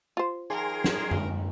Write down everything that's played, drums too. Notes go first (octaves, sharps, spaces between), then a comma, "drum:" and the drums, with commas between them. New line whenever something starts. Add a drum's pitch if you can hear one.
F4 C5
D#3 F3 G#4 A#4 G#5 C6 D6
drum: snare
drum: tom F#2